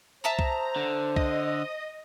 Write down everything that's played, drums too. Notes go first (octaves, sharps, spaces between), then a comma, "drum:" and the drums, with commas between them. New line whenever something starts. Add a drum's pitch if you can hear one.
C5 E5 A5 A#5 D#6
drum: kick C2
D3
D#5, drum: kick C2